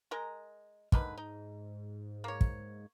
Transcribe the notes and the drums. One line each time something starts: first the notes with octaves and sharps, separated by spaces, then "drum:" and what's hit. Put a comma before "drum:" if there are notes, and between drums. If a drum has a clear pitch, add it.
G#3 A#4 A#5
G#2 D3 D#3 B4, drum: kick
D#4
A#3 C#5
drum: kick